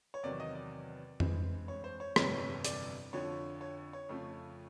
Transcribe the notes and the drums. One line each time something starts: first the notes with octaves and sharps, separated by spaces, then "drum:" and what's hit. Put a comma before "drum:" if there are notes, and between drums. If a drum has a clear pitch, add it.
C#5
E2 C3 D#3 F#3 D5
D#5
D5
G2 E3 G#3 C4, drum: tom F2
C#5
C5
C#5
G1 F2 C3 E3 G3 C#5, drum: rim click
D5, drum: hi-hat
F2 D3 F3 C#5
C#5
C#5
F2 C#3 F3 A3